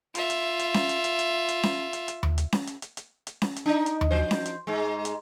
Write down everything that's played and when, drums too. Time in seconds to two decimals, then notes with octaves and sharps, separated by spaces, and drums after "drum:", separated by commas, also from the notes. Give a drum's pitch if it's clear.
0.15 F4 E5, drum: hi-hat
0.30 drum: hi-hat
0.59 drum: hi-hat
0.74 drum: snare C#4
0.89 drum: hi-hat
1.04 drum: hi-hat
1.19 drum: hi-hat
1.49 drum: hi-hat
1.63 drum: snare C#4
1.93 drum: hi-hat
2.08 drum: hi-hat
2.23 drum: tom D#2
2.38 drum: hi-hat
2.52 drum: snare C#4
2.67 drum: hi-hat
2.82 drum: hi-hat
2.97 drum: hi-hat
3.27 drum: hi-hat
3.42 drum: snare C#4
3.56 drum: hi-hat
3.66 D4 D#4
3.86 drum: hi-hat
4.01 drum: tom D#2
4.11 F3 C5
4.31 drum: snare C#4
4.46 drum: hi-hat
4.67 G#2 G#3
5.05 drum: hi-hat